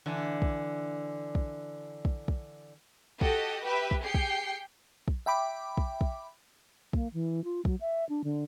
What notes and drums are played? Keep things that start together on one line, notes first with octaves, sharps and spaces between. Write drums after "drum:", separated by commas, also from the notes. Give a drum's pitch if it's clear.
D3 E3
drum: kick
drum: kick
drum: kick
drum: kick
F#4 G4 A4 D#5 F#5, drum: kick
G4 B4 E5
drum: kick
G4 G#4 G5 C7 C#7
drum: kick
drum: kick
E5 G5 B5 D6
drum: kick
drum: kick
A#3, drum: kick
E3
F4
F#3, drum: kick
E5
D4
D3